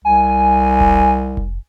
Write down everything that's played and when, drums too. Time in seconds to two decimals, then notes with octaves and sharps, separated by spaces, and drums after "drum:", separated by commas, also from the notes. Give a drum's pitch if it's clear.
0.05 C2 G#5
0.80 drum: kick F1
1.37 drum: kick F1